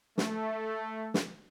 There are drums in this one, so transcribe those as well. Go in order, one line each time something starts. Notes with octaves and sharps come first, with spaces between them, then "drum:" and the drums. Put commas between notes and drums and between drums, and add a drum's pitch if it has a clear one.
A3, drum: snare
drum: snare